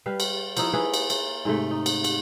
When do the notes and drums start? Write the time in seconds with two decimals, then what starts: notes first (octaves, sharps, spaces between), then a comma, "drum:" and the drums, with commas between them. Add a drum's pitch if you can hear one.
0.06 G3 B4 F5
0.20 drum: cymbal
0.57 F3 A#3 D#4 E4, drum: cymbal
0.73 A#3 G#4 B4 E5
0.94 drum: cymbal
1.10 A#3, drum: cymbal
1.45 G#2 C3 A3
1.71 D#4
1.86 drum: cymbal
2.04 drum: cymbal